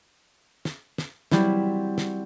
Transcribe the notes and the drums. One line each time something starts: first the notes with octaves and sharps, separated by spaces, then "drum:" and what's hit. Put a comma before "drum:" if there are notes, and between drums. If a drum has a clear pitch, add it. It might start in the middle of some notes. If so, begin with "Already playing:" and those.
drum: snare
drum: snare
F#3 G3 C4 E4, drum: snare
drum: snare